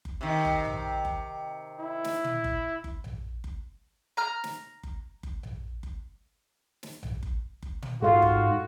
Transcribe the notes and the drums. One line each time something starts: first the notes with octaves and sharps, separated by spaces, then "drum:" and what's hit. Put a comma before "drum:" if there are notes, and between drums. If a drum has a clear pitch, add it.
drum: kick F#1
C3 D#3
drum: kick F#1
drum: tom A#1
drum: kick F#1
E4
drum: snare
drum: tom
drum: kick F#1
drum: kick F#1
drum: tom A#1
drum: kick F#1
A#5 F6
drum: snare
drum: kick F#1
drum: kick F#1
drum: tom A#1
drum: kick F#1
drum: snare
drum: tom A#1
drum: kick F#1
drum: kick F#1
drum: tom
G#2 F4 F#4 A4 F5
drum: kick F#1